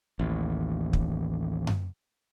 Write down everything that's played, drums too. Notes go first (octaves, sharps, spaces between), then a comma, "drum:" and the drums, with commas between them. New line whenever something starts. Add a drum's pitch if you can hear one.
A1 D#2
drum: kick
drum: tom F#2